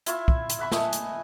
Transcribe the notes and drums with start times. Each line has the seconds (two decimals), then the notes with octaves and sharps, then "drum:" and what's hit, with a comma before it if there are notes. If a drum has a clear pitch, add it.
0.06 E4 F4 E5 C#6, drum: hi-hat
0.28 drum: kick
0.50 drum: hi-hat
0.59 E5 F#5 B5 C#6
0.72 A3 D#5 G#5 C#6, drum: snare
0.93 drum: hi-hat